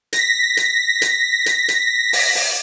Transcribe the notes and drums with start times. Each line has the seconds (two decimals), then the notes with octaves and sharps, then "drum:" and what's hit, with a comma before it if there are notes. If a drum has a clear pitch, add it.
0.13 A#6 B6, drum: hi-hat
0.57 drum: hi-hat
1.02 drum: hi-hat
1.46 drum: hi-hat
1.68 drum: hi-hat
2.13 drum: open hi-hat
2.35 drum: open hi-hat